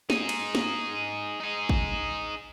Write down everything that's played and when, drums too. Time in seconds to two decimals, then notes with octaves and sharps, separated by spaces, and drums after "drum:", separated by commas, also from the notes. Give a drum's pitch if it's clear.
0.10 D#4 G#4, drum: snare
0.29 drum: cymbal
0.55 drum: snare
1.40 D#4 G#4
1.69 drum: kick